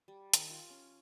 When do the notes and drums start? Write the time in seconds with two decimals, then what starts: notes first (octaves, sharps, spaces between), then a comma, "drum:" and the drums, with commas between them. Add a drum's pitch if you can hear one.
0.08 G3
0.33 D#3, drum: hi-hat
0.50 F4
0.70 C#4